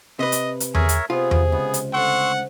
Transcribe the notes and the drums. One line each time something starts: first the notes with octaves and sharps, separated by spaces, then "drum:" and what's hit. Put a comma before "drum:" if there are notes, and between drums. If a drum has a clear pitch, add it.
C3 B4 D#5
drum: hi-hat
drum: hi-hat
G#4 A#4 C#5 E5, drum: tom E2
drum: hi-hat
C3 B3 C4 F4 G#4 G#5
drum: tom E2
C#2 B3
drum: hi-hat
D3 A3 C4 F#5 C6 C#6 E6